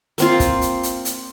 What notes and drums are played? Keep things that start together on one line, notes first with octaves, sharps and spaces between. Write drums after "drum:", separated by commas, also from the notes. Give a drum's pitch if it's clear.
A#3 C4 F4, drum: hi-hat
drum: kick, hi-hat
drum: hi-hat
drum: hi-hat
drum: hi-hat